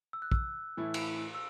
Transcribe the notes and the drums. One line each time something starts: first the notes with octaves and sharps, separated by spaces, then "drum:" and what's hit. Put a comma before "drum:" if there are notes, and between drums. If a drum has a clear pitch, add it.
E6
F#6
E6, drum: kick
A2 E3 A3 E4
drum: cymbal
E6